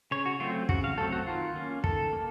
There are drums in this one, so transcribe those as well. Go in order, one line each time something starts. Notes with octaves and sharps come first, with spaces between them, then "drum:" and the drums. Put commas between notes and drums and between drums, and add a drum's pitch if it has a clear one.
C#3 C#5
F#4
F#3 A3 C4 F4
C#3 F#4, drum: kick
F5
F#3 A3 C4 A4
F#4
D#3 F4
A#3 C#4
D#3 A4, drum: kick
A#3